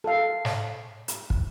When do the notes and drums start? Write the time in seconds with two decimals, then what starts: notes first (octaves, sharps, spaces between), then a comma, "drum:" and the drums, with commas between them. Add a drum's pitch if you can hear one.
0.04 A4 F5
0.45 drum: snare
1.08 drum: hi-hat
1.30 drum: kick